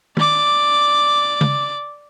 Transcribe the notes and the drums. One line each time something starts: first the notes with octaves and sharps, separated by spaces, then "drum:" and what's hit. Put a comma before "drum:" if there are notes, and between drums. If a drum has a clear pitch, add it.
D5 D6, drum: tom
drum: tom C#3